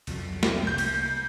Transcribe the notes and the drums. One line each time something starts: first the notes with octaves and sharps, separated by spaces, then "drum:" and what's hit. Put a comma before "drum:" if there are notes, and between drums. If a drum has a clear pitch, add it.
C2 F2 F#3, drum: cymbal
drum: snare
C2 A#3 G6
drum: cymbal